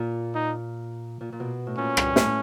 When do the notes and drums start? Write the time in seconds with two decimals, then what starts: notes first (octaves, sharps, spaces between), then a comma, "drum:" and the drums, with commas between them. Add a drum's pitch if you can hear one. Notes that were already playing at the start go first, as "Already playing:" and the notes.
Already playing: A#2
0.35 D#4
1.21 A#2
1.32 A#2
1.40 B2
1.67 A2
1.78 A#2 C#4
1.97 G2, drum: rim click
2.16 A2, drum: snare